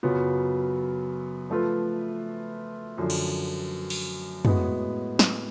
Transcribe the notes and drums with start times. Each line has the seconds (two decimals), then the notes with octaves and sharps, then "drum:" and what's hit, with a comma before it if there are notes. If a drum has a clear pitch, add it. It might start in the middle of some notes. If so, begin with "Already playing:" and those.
0.03 F#2 C#3 F#3 B3 F4
1.50 F3 A3 F4 B4
2.98 F#2 D3 F3
3.10 drum: cymbal
3.90 drum: cymbal
4.45 A2 G#3 B3 F#4, drum: tom
5.19 drum: snare